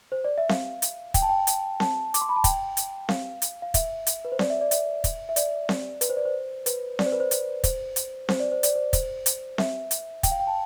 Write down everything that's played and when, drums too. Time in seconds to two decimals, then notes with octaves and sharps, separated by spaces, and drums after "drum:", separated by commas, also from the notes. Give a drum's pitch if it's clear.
0.12 C5
0.24 D5
0.38 E5
0.49 F5, drum: snare C4
0.82 drum: hi-hat
1.14 G5, drum: kick, hi-hat
1.22 A5
1.29 G5
1.47 drum: hi-hat
1.80 A5, drum: snare C4
2.14 D6, drum: hi-hat
2.21 C6
2.29 B5
2.36 A5
2.44 G5, drum: kick, hi-hat
2.77 drum: hi-hat
3.09 F5, drum: snare C4
3.42 drum: hi-hat
3.62 F5
3.74 E5, drum: kick, hi-hat
4.07 drum: hi-hat
4.25 B4
4.32 C5
4.39 D5, drum: snare C4
4.50 E5
4.61 D5
4.71 E5, drum: hi-hat
5.04 drum: kick, hi-hat
5.29 E5
5.36 D5, drum: hi-hat
5.69 drum: snare C4
6.01 B4, drum: hi-hat
6.09 C5
6.17 D5
6.25 C5
6.66 B4, drum: hi-hat
6.99 D5, drum: snare C4
7.06 C5
7.12 B4
7.20 C5
7.31 drum: hi-hat
7.64 C5, drum: kick, hi-hat
7.96 drum: hi-hat
8.29 C5, drum: snare C4
8.40 D5
8.52 C5
8.63 D5, drum: hi-hat
8.75 C5
8.93 C5, drum: kick, hi-hat
9.26 drum: hi-hat
9.58 E5, drum: snare C4
9.91 drum: hi-hat
10.23 G5, drum: kick, hi-hat
10.31 F5
10.40 G5
10.47 A5